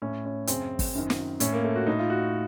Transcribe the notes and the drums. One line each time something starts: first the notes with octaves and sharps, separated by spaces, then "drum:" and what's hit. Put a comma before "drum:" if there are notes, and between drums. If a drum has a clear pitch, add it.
A2 C#4
C#4
F#2 C#3 C4, drum: hi-hat
drum: kick, open hi-hat
F#2 D#3
drum: snare
A2 C#4, drum: hi-hat
A#3
A3
F#4
A2 D#4
F4
F#4